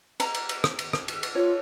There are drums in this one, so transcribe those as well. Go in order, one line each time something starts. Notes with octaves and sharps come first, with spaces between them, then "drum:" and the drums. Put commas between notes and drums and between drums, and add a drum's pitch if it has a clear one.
A#5, drum: cymbal
drum: cymbal
drum: cymbal
drum: rim click
drum: cymbal
drum: rim click
drum: cymbal
drum: cymbal
F4 C#5